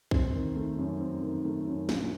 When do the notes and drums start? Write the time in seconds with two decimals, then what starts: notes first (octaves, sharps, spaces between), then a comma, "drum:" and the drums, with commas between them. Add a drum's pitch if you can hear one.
0.11 C4, drum: kick A#1
0.33 D#3
0.56 A3
0.78 F#2
1.00 C4
1.22 D#3
1.45 A3
1.67 F#2
1.89 A#1, drum: snare